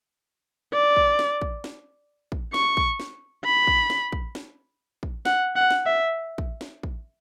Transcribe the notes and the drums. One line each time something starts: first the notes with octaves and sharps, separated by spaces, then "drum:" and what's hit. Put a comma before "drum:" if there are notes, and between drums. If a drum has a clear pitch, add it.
D5
drum: kick
drum: snare
drum: kick
drum: snare
drum: kick
C#6, drum: snare
drum: kick
drum: snare
B5
drum: kick
drum: snare
drum: kick
drum: snare
drum: kick
F#5, drum: snare
F#5
drum: snare
E5
drum: kick
drum: snare
drum: kick